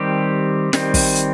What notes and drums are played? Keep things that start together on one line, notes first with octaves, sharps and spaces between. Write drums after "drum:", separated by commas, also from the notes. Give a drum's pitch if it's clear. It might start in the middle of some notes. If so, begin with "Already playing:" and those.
Already playing: D#3 G3 C4 G4
D#3 G3 C4, drum: snare
drum: kick, open hi-hat
drum: hi-hat